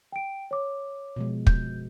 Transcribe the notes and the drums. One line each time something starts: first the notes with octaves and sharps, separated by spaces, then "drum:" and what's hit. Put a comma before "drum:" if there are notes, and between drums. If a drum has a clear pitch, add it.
G5 D7
C#5 D6
B2 F3 G#3
G6, drum: kick